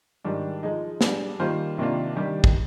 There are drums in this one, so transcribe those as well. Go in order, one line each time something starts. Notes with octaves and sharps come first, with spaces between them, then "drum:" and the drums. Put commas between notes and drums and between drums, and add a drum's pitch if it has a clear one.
G#2 D#3 G3 D4
F3 G#3 D#4
G3 D4 G#4, drum: snare
D#3 G3 A#3 F4 C5
C3 D#3 A#3 D4 F4
D#3 G3 D4 G4
drum: kick